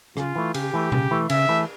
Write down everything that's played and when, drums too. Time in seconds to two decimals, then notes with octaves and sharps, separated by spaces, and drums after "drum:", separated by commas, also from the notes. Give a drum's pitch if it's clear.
0.17 C#3 F4, drum: rim click
0.36 E3 A3
0.54 C#3 G4, drum: cymbal
0.74 E3 A3
0.92 C#3, drum: tom B2
1.11 E3 A3
1.30 C#3 E5, drum: cymbal
1.49 E3 A3